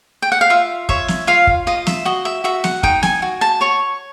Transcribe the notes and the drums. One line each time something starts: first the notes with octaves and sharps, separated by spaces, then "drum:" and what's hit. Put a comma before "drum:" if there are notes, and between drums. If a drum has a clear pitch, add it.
G5
F#5
F5
F4 E5
C#5 E5, drum: kick
drum: snare
F4 F5
drum: kick
F4 D#5
E5, drum: snare
F#4 D#5
E5
F#4 E5
F#5, drum: snare
D#4 G5, drum: kick
G#5, drum: snare
F#4
A5
C#5 C#6